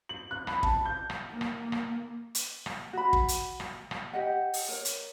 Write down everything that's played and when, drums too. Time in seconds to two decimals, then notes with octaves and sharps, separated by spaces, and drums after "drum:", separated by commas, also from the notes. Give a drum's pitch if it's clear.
0.09 F#7
0.31 F#6
0.47 B5, drum: rim click
0.63 A5, drum: kick
0.85 G6
1.10 drum: rim click
1.30 A#3
1.41 drum: rim click
1.72 drum: rim click
2.35 drum: hi-hat
2.66 drum: rim click
2.93 F#4 B5
3.13 drum: kick
3.28 drum: hi-hat
3.60 drum: rim click
3.91 drum: rim click
4.13 G4 D#5 F#5
4.53 drum: open hi-hat
4.69 A#4 C#5
4.85 drum: hi-hat